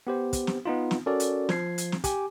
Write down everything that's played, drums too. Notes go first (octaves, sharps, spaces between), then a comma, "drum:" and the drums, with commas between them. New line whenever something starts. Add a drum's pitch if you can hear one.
B3 G4 C5
drum: kick, hi-hat
drum: snare
B3 D#4 F4
drum: snare
C#4 F#4 A4 A#4 D5
drum: hi-hat
F3 G#6 C7, drum: snare
drum: hi-hat
drum: snare
G4 G#5 D6, drum: kick, hi-hat